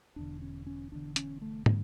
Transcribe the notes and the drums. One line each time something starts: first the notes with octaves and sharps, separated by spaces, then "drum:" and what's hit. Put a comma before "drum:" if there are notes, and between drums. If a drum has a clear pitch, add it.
E1 E2 D3 D4
C#4
C#4
E1 E2 D3 D4
C#4, drum: hi-hat
A3
D3 G3, drum: tom